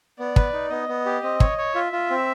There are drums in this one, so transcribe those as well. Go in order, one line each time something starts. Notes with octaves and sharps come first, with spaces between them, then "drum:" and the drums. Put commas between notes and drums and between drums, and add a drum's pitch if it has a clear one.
B3 D5
B4, drum: kick
D#4
B3 D#5
B3
G4
C4 D#5
C#5, drum: kick
C#5
F4 E5
F4
C4